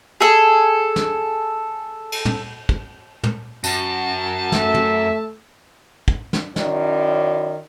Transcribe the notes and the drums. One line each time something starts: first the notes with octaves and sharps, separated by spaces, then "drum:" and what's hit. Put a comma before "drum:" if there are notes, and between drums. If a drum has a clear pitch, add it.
G#4 A4
drum: snare
drum: cymbal
drum: tom
drum: kick
drum: tom
F#2 A5, drum: tambourine
A3 E5, drum: snare
drum: tom
drum: kick
drum: snare
F#2 D#3 C#4 E4 D5, drum: snare